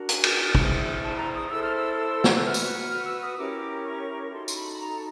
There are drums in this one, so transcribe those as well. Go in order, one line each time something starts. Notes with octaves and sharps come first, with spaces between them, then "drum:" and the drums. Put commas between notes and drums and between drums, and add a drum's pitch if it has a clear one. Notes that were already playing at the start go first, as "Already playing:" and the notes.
Already playing: D4 F#4 A#4
G#5, drum: hi-hat
drum: cymbal
E4 G#4 C5, drum: kick
A5
A#5
D#6
E4 A4 C5 E6
F6
E6
E6
drum: snare
F#6
F#4 B4 F6
drum: tambourine
F6
E6
D#6
C#4 E4 G4 A#4 D6
C#6
D#4 F#4 A4 C6
C6, drum: tambourine
B5
B5
A#5